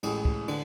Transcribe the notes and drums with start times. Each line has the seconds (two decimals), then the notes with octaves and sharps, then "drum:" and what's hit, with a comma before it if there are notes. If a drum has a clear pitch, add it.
0.03 A1 A2 G#3, drum: cymbal
0.25 drum: kick
0.48 D3, drum: cymbal